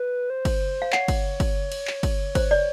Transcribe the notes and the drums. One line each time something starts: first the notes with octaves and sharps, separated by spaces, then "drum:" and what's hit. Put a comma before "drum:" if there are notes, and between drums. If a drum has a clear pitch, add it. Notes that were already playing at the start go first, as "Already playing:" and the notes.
Already playing: B4
C5
drum: kick, cymbal
F5
C#5 F#5, drum: clap
drum: kick, cymbal
drum: kick, cymbal
drum: cymbal
drum: clap
drum: kick, cymbal
C5, drum: kick, cymbal
D5